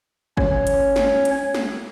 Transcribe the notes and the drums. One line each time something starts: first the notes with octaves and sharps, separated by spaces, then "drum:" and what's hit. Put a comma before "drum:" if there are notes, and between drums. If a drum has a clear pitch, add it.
C#4 C#5, drum: kick G1
drum: hi-hat
drum: snare
drum: hi-hat
drum: snare